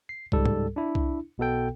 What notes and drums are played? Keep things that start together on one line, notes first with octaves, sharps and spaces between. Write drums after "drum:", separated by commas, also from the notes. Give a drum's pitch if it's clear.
C7
C#2 G#2 G3 A4, drum: kick C2
drum: tom
D4 E4
drum: kick C2
B1 B2 B3 A4 G5